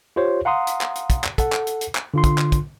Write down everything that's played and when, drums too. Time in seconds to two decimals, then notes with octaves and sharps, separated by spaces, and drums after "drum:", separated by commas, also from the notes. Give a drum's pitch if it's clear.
0.16 F4 G4 C5 C#5
0.45 F5 F#5 A#5 C6 D#6
0.67 drum: hi-hat
0.81 drum: clap
0.95 drum: hi-hat
1.10 drum: kick, hi-hat
1.24 drum: clap
1.38 A4 F#5, drum: kick, hi-hat
1.52 drum: clap
1.67 drum: hi-hat
1.81 drum: hi-hat
1.95 drum: clap
2.14 D3 F4 C6
2.24 drum: kick, hi-hat
2.38 drum: clap
2.52 drum: kick, hi-hat